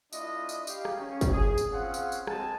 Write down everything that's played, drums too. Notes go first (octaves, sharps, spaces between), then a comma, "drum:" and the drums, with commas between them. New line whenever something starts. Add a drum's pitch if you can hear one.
A3 D4 E4 F4 D#5, drum: tambourine
drum: tambourine
G4 F5, drum: tambourine
drum: rim click
C#4
drum: kick, tambourine
G#4
drum: tambourine
C4 C#4 F4 G#4 F5 F#5
drum: tambourine
drum: tambourine
G#3 C4 G#5 A5, drum: rim click